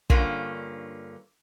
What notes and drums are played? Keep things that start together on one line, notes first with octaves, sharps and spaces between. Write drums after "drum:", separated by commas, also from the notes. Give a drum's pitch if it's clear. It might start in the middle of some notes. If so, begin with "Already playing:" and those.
G2 D3 A#3 C#4 F4, drum: kick